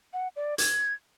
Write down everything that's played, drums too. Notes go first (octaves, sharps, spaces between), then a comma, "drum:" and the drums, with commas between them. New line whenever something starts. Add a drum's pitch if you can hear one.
F#5
D5
G#6, drum: hi-hat